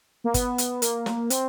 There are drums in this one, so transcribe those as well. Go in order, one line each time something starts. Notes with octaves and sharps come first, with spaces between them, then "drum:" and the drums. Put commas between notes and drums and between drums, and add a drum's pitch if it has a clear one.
A#3
B3, drum: kick G#1, hi-hat
drum: hi-hat
A#3, drum: hi-hat
drum: snare
C4, drum: hi-hat